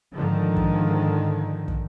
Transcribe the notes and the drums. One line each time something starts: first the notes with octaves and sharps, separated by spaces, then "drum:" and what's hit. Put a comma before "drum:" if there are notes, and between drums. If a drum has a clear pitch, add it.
G#2 D3 D#3 F3
drum: kick
drum: kick